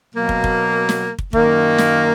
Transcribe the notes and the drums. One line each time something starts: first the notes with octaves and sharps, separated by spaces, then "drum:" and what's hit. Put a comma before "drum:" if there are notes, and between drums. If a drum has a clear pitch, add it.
B2 F#3 A#3
drum: kick
drum: kick
drum: snare
drum: kick
F#2 D#3 A#3, drum: kick
drum: snare